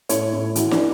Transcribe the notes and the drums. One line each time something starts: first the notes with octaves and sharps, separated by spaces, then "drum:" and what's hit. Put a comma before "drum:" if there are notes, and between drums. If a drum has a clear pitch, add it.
A2 C#5, drum: hi-hat
A2
E3 F#4, drum: hi-hat
D4, drum: snare